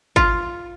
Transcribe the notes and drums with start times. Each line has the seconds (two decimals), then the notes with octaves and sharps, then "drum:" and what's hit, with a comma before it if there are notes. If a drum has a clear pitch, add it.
0.16 F4, drum: kick